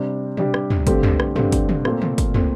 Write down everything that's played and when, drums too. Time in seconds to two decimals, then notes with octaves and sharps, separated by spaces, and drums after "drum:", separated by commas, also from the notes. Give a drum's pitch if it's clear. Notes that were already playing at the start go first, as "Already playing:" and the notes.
Already playing: C3 G3 D4 G4
0.37 C3 G3 D4 G4, drum: tom
0.54 drum: rim click
0.70 drum: tom
0.87 G2 D3 A3 C4 G4, drum: kick, hi-hat
1.03 drum: tom
1.20 drum: rim click
1.36 G2 D3 A3 C4 G4, drum: tom
1.52 drum: kick, hi-hat
1.69 drum: tom
1.85 A#2 A3 C4, drum: rim click
2.02 drum: tom
2.18 drum: kick, hi-hat
2.34 A#2 A3 C4, drum: tom